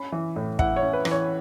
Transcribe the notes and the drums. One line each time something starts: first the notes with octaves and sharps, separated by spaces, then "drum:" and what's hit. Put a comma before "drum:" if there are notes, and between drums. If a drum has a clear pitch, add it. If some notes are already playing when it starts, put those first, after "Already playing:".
Already playing: C#4 B5
E3
A2
E4 F#5, drum: kick
C#5
C#4
B4
E3, drum: rim click
C#5